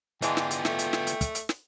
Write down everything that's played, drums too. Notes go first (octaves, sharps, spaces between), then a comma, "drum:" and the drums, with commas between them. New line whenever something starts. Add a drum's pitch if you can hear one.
E3 G#3 B3 D4 F4 G5, drum: hi-hat
drum: snare
drum: hi-hat
A3, drum: snare
drum: hi-hat
drum: snare
drum: hi-hat
drum: kick, hi-hat
drum: hi-hat
drum: snare